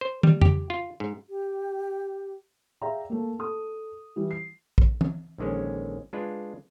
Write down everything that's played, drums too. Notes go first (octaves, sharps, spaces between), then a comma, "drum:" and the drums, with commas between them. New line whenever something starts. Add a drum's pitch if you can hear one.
C5
G3, drum: tom
G4, drum: tom F2
F4
G#2
G4
G#4 D5 E5 F5 G5 A#5
A3 A#3
A4 D#6
E3 G3 E4
C7
drum: kick
drum: tom E3
A#1 D3 D#3 G#3 C#4
G#3 D4 F4 B4